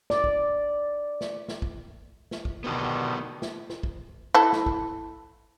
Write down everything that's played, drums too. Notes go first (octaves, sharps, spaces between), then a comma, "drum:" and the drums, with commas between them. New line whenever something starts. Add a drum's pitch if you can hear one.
D5, drum: snare
drum: kick
drum: snare
drum: snare
drum: kick
drum: snare
drum: kick
B2 D3 D#3 B3 D#4 G4
drum: snare
drum: snare
drum: kick
E4 A4
drum: snare
drum: kick